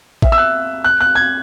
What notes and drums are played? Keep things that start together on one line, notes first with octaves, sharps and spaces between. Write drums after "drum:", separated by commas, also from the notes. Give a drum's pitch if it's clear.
E5, drum: kick A1
E6
F#6
F#6
F#6
G#6